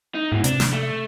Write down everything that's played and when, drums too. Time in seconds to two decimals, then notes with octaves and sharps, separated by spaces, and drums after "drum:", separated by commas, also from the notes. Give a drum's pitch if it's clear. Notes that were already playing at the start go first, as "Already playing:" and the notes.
0.15 D#4
0.32 G#2 B2 E3
0.44 C3 D4, drum: hi-hat
0.60 drum: snare
0.73 A3